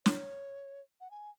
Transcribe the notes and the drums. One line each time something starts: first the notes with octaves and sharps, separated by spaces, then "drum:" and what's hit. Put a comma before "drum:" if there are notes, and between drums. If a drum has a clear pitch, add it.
C#5, drum: snare
F#5
G#5